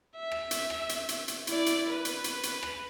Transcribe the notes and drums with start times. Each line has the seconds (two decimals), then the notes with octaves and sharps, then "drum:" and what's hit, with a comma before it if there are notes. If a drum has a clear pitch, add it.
0.16 E5
0.32 drum: rim click
0.51 drum: hi-hat
0.70 drum: rim click
0.89 drum: hi-hat
1.09 drum: hi-hat
1.28 drum: hi-hat
1.47 E4 D5, drum: hi-hat
1.66 drum: hi-hat
1.90 B4
2.05 drum: hi-hat
2.24 drum: hi-hat
2.43 drum: hi-hat
2.63 drum: rim click